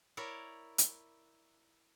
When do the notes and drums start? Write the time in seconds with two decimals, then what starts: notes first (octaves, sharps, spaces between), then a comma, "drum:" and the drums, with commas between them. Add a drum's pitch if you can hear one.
0.17 E4 A#4 C#5 D5
0.78 drum: hi-hat